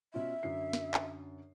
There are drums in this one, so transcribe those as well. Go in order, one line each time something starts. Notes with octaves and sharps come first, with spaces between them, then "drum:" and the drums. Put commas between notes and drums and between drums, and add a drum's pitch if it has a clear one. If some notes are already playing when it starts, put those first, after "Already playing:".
B2 C#4 F4 E5
F#2 D3 C7
drum: snare
drum: clap